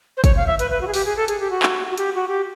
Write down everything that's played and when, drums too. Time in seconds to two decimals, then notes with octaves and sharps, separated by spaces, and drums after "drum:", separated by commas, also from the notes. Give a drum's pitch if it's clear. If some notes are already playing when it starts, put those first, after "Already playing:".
0.17 C5
0.24 C#5, drum: kick, hi-hat
0.36 F5
0.47 E5
0.59 B4, drum: hi-hat
0.70 B4
0.81 F#4
0.87 G#4
0.94 G4, drum: open hi-hat
1.05 G#4
1.16 A4
1.28 G#4, drum: hi-hat
1.40 G4
1.50 F#4
1.63 drum: clap
1.91 F#4
1.98 G4, drum: hi-hat
2.15 F#4
2.28 G4